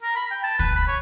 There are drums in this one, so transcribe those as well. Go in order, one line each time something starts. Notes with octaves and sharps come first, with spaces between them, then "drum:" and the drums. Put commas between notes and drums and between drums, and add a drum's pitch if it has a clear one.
A#4
B5
G5
A5
B4, drum: kick
B5
C#5